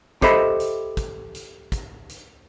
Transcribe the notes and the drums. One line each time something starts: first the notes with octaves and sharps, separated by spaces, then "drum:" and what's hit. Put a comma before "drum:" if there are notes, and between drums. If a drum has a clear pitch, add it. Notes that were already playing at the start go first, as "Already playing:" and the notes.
G4 A4 C5 D#5 E5 B5, drum: kick, hi-hat
drum: hi-hat
drum: kick, hi-hat
drum: hi-hat
drum: kick, hi-hat
drum: hi-hat